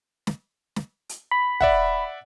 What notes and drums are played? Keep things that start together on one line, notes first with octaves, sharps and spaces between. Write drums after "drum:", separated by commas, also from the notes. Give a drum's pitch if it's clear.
drum: snare
drum: snare
drum: hi-hat
B5
D5 E5 F#5, drum: kick